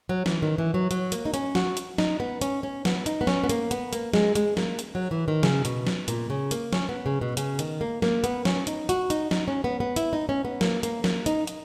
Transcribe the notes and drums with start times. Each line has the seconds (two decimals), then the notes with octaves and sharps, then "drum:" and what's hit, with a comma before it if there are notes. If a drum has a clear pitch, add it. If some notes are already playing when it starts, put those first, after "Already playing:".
0.09 F#3
0.26 E3, drum: snare
0.42 D#3
0.58 E3
0.74 F#3
0.91 F#3, drum: hi-hat
1.12 A#3, drum: hi-hat
1.25 D#4
1.34 C#4, drum: hi-hat
1.55 F#4, drum: snare
1.77 drum: hi-hat
1.98 D#4, drum: snare
2.20 B3
2.41 C#4, drum: hi-hat
2.63 C#4
2.85 B3, drum: snare
3.06 D#4, drum: hi-hat
3.21 B3
3.27 C#4, drum: snare
3.44 B3
3.49 A#3, drum: hi-hat
3.71 B3, drum: hi-hat
3.93 A#3, drum: hi-hat
4.14 G#3, drum: snare
4.35 G#3, drum: hi-hat
4.57 A#3, drum: snare
4.79 drum: hi-hat
4.95 F#3
5.11 E3
5.28 D#3
5.43 C#3, drum: snare
5.65 B2, drum: hi-hat
5.87 drum: snare
6.08 A#2, drum: hi-hat
6.30 C#3
6.51 A#3, drum: hi-hat
6.73 C#4, drum: snare
6.89 B3
7.06 C#3
7.21 B2
7.37 C#3, drum: hi-hat
7.59 D#3, drum: hi-hat
7.81 A#3
8.02 A#3, drum: snare
8.24 B3, drum: hi-hat
8.45 C#4, drum: snare
8.67 D#4, drum: hi-hat
8.89 F#4, drum: hi-hat
9.10 D#4, drum: hi-hat
9.31 D#4, drum: snare
9.48 C#4
9.64 B3
9.80 B3
9.96 E4, drum: hi-hat
10.13 D#4
10.29 C#4
10.45 B3
10.61 A#3, drum: snare
10.83 A#3, drum: hi-hat
11.04 A#3, drum: snare
11.26 D#4, drum: hi-hat
11.47 drum: hi-hat